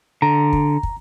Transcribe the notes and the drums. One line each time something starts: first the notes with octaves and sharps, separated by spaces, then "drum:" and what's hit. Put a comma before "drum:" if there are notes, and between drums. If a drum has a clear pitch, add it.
D3 A#5
drum: kick
drum: kick